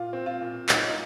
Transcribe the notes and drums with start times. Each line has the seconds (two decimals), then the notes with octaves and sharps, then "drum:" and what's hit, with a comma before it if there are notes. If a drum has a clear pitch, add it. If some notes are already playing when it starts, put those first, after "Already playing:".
Already playing: A#2 F4
0.13 C4
0.26 F4
0.41 A#2
0.69 A#2 D#4, drum: clap
0.89 D#4